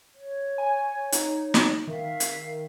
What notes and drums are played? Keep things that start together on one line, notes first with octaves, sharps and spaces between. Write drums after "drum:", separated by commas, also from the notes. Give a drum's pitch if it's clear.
C#5
G#5
D#4, drum: hi-hat
drum: snare
D#3 E5 F5
drum: hi-hat